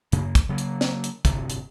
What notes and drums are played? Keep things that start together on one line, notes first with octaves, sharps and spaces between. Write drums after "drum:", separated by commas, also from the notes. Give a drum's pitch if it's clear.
F#2 C#3 A#3, drum: hi-hat
drum: kick, hi-hat
C#3 F#3 A3 A#3
drum: hi-hat
drum: snare
drum: hi-hat
D1 G1 G2 C3, drum: kick, hi-hat
drum: hi-hat